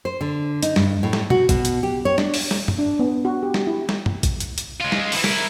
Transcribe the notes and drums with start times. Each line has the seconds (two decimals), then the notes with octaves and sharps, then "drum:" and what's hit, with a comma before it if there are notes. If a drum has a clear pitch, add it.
0.05 C5
0.21 D3
0.63 D#4, drum: hi-hat
0.76 G2, drum: snare
1.03 A2
1.13 drum: snare
1.30 F#4, drum: tom B2
1.49 B2, drum: kick, hi-hat
1.65 drum: hi-hat
1.83 G4
2.05 C#5
2.18 D4, drum: snare
2.34 drum: open hi-hat
2.51 drum: snare
2.68 drum: tom G2
2.79 D4
2.99 B3
3.25 F#4
3.43 G4
3.54 drum: snare
3.67 E4
3.89 drum: snare
4.06 drum: tom G2
4.23 drum: kick, hi-hat
4.40 drum: hi-hat
4.58 drum: hi-hat
4.80 G#3 F4
4.92 drum: snare
5.12 D3 E3, drum: open hi-hat
5.24 E4 A#4, drum: snare